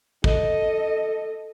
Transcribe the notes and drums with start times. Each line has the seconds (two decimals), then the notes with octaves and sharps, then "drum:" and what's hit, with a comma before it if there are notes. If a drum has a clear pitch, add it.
0.24 A4 D#5, drum: kick